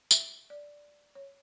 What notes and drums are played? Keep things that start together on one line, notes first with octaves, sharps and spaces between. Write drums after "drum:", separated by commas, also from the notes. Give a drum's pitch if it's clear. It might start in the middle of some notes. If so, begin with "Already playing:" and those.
E5, drum: tambourine
D5
C#5